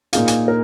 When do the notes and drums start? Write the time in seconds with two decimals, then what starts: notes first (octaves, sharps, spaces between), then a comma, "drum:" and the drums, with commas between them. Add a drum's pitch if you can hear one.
0.13 A#2 A#3 D#4 G#4 F5, drum: hi-hat
0.28 G#5, drum: hi-hat
0.48 A#4